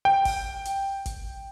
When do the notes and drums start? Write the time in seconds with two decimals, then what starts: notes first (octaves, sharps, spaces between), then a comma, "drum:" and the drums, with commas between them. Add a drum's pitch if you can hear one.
0.05 G5
0.25 drum: kick G1, open hi-hat
0.65 drum: hi-hat
1.06 drum: kick G1, hi-hat